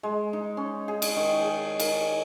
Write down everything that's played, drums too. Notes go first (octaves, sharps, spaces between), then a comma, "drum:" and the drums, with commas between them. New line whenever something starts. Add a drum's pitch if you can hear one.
G#3
D#4
C#4
G#4
drum: cymbal
D#3
G#4
A#4, drum: cymbal